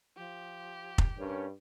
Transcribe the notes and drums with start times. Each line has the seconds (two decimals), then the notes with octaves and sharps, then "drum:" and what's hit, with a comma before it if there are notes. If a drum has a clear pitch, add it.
0.17 F3 G4
0.98 drum: kick F1
1.18 G2 C#4 D4 A#4 C#5